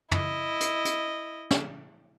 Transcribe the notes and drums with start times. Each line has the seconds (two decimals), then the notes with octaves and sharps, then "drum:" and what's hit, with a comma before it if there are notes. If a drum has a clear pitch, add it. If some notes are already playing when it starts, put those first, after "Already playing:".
0.11 E4 D#5, drum: tom
0.60 drum: hi-hat
0.85 drum: hi-hat
1.51 drum: snare